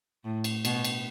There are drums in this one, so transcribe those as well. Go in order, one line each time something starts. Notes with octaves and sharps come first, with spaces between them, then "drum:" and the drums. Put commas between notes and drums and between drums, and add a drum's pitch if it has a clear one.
A2
drum: cymbal
B2, drum: cymbal
drum: cymbal